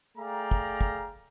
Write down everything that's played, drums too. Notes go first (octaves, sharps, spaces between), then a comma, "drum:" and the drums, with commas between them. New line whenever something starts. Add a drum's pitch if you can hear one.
A3 G#4 D5 F5 G5 A#5
drum: kick
drum: kick